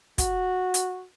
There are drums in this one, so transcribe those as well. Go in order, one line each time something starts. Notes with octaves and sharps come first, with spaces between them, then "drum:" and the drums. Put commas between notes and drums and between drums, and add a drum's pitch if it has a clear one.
F#4, drum: kick, hi-hat
drum: hi-hat